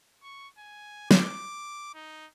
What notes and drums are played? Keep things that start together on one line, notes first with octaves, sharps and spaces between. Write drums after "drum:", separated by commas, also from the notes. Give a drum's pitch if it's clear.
C#6
G#5
D6, drum: snare
D#4